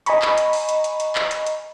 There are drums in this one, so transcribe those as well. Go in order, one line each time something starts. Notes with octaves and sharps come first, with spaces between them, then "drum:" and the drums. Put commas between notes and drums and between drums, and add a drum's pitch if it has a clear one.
D#5 G#5 A#5 B5 C#6, drum: hi-hat
drum: clap
drum: hi-hat
drum: open hi-hat
drum: hi-hat
drum: hi-hat
drum: hi-hat
drum: clap
drum: hi-hat
drum: hi-hat